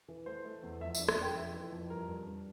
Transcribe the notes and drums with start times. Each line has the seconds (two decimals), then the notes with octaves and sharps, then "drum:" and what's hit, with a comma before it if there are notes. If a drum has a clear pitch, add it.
0.08 E3
0.26 A3 C5
0.45 A3
0.63 E2
0.81 F2 E5
0.95 E5, drum: tambourine
0.99 D4
1.09 E5, drum: rim click
1.18 F2 G5
1.35 F2 E5
1.54 E3
1.72 F2
1.90 G2 A#4
2.08 G2
2.26 G2